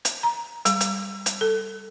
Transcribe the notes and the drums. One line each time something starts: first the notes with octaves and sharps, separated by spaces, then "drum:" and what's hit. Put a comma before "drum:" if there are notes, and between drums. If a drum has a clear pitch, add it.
drum: hi-hat
A#5
G3, drum: hi-hat
drum: hi-hat
drum: hi-hat
A4